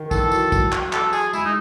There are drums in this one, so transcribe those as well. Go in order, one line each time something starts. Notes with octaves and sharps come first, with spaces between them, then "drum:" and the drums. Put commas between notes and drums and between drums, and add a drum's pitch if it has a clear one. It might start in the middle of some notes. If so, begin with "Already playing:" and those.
Already playing: D#3
E3 A4, drum: kick, tambourine
F#3, drum: tambourine
drum: kick, tambourine
drum: clap
A4, drum: clap
G#4, drum: tambourine
G#3 E4, drum: tambourine
D#4